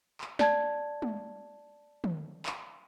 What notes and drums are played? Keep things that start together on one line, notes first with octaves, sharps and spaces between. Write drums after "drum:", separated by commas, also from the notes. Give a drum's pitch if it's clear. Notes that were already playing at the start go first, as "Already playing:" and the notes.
drum: clap
D5 A5 G#6, drum: snare
drum: tom
drum: tom
drum: clap